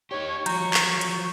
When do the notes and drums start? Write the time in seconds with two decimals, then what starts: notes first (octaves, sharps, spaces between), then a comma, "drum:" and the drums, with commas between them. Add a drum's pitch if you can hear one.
0.11 D#4 G4 C#5
0.46 F3 F#3 A#5 C#6 G6, drum: hi-hat
0.74 drum: clap
1.01 drum: hi-hat